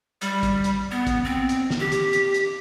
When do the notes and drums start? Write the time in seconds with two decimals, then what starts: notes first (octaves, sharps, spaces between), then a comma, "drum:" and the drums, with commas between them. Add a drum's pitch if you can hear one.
0.22 G3, drum: hi-hat
0.43 drum: kick, hi-hat
0.64 drum: hi-hat
0.91 B3
1.07 drum: kick, hi-hat
1.25 C4
1.49 drum: hi-hat
1.70 drum: snare
1.80 G4
1.92 drum: hi-hat
2.13 drum: hi-hat
2.34 drum: hi-hat